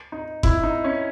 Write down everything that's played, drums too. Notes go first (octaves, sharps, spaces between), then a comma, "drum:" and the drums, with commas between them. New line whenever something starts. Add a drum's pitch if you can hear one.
D#4
E4, drum: kick F#1
D#4
C#4